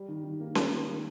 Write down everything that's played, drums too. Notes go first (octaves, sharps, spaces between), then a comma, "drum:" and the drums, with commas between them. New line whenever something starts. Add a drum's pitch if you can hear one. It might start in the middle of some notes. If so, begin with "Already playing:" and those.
Already playing: G3
D#3
D#3
A#3
G3, drum: snare C#4
D#3
D#3